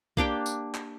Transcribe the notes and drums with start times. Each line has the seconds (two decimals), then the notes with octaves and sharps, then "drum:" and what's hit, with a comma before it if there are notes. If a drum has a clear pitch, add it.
0.17 A#3 D4 G4 G5, drum: kick B1
0.46 drum: tambourine
0.74 drum: clap